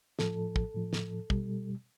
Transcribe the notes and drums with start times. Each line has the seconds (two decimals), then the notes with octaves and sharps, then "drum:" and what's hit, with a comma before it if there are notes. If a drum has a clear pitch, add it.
0.19 A2 F3 A4, drum: snare
0.56 drum: kick
0.74 A2 F3
0.93 drum: snare
1.30 B2 G3, drum: kick